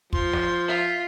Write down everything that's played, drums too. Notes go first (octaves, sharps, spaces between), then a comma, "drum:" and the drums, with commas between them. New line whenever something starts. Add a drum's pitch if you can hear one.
F3 C6, drum: kick
drum: snare
F4 E5